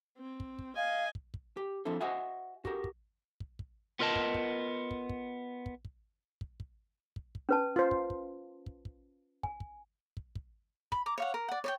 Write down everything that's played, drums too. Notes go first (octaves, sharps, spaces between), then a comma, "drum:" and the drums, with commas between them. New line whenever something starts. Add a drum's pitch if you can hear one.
C4
drum: kick
drum: kick
D#5 F5 G#5
drum: kick
drum: kick
G4
F3 C4 D4 E4 A4
F#4 C5 D#5 E5 F#5 G#5
F#4 G4 A#4, drum: kick
drum: kick
drum: kick
drum: kick
B3 F4 A#4 D#5 A5
drum: kick
drum: kick
drum: kick
drum: kick
drum: kick
drum: kick
drum: kick
drum: kick
drum: kick
drum: kick
C#4 B4 A5
F4 C5
drum: kick
drum: kick
drum: kick
drum: kick
G#5, drum: kick
drum: kick
drum: kick
drum: kick
B5, drum: kick
A#5 D6
C#5 F5 F#5
A#4
D5 F#5
C#5 D5 G5